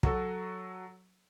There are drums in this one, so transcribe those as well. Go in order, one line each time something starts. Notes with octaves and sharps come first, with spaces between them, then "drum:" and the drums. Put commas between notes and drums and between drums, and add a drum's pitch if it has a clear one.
F#3 F#4 A4, drum: kick